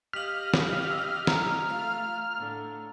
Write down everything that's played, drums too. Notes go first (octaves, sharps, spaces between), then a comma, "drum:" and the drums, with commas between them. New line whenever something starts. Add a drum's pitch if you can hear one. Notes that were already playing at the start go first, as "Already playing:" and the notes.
G4 D#5 F5 F6 B6 F#7
drum: snare
E6
A#5, drum: snare
A3 F4 F5
A2 D3